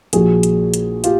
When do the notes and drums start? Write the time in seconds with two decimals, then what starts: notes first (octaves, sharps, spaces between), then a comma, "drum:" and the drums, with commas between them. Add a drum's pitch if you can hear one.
0.13 A#1 A#2 F3 F#4 G#4, drum: hi-hat
0.43 drum: hi-hat
0.74 drum: hi-hat
1.04 F4 G4, drum: hi-hat